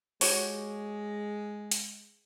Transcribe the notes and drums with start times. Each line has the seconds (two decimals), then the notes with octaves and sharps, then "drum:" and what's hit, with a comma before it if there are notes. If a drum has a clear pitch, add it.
0.21 G#3 F#4 G4 C#5, drum: open hi-hat
1.71 drum: hi-hat